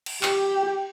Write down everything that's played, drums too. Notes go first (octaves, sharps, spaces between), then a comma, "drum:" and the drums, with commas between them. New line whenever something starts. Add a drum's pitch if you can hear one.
drum: cymbal
G4, drum: clap